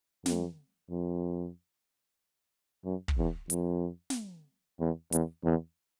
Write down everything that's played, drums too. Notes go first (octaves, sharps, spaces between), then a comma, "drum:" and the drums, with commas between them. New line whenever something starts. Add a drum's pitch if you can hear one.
F2, drum: snare
F2
F#2
drum: kick
E2
F2, drum: hi-hat
drum: snare
E2
E2, drum: hi-hat
E2